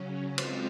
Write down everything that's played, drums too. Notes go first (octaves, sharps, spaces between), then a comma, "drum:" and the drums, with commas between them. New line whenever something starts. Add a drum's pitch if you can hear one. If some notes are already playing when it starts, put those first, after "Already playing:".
Already playing: C#3 F#3 C#4
G#3 C4 F4, drum: cymbal